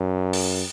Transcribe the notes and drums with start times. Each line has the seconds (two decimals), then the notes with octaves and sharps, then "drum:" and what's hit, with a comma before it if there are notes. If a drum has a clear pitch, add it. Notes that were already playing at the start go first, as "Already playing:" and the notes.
Already playing: F#2
0.33 drum: open hi-hat